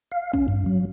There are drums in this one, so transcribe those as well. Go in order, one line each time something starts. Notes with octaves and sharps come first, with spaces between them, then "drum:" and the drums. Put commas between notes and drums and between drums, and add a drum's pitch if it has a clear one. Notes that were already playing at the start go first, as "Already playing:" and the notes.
F5
C#4, drum: kick
G2
F#3